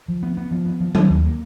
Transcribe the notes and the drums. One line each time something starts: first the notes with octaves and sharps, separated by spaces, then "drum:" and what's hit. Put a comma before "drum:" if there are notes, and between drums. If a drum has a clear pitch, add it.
F3
B3
B3
F3
B3
F3
D#3, drum: tom F#3
D#2
A#3